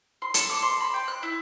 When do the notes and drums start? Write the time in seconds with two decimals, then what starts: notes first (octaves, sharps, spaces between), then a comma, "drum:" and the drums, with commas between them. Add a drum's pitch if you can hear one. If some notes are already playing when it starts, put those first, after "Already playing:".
0.22 C6
0.34 A4, drum: hi-hat
0.50 D6
0.63 C6
0.80 B5
0.94 G5
1.08 F#6
1.23 E4